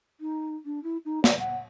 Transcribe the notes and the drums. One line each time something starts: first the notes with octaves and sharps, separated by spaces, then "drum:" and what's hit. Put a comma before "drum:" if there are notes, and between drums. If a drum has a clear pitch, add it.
D#4
D4
E4
D#4
D5, drum: snare
F#5